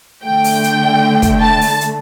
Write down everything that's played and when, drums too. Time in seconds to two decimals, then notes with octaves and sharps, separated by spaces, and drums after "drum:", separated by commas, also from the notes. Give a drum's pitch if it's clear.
0.25 D3 A3 G5
0.44 drum: open hi-hat
0.64 drum: hi-hat
1.22 drum: kick, hi-hat
1.41 A5
1.61 drum: open hi-hat
1.81 drum: hi-hat